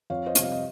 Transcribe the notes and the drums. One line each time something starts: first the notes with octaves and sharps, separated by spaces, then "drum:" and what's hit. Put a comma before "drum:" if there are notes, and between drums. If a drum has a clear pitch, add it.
F2 C#5 F5
C5 D#5
C3 G3, drum: hi-hat
F5
D#5